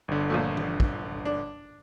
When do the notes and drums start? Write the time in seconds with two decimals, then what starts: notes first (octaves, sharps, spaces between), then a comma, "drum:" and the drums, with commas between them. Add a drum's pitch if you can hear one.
0.08 G1 D3
0.30 A#2 F3 A3
0.57 drum: tom E3
0.80 drum: kick
1.25 D4